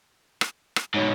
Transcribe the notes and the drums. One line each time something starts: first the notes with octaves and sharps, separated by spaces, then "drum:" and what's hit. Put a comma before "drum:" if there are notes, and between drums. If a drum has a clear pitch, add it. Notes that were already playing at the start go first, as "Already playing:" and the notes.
drum: rim click
drum: rim click
G#2 B2 D#4 C#5